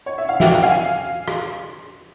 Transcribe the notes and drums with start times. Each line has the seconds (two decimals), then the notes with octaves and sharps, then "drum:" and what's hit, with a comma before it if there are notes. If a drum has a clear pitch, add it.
0.06 C#5
0.18 E5
0.29 F5
0.40 E5 G5, drum: snare
0.52 E5 G5
0.63 F5 G#5
1.28 drum: rim click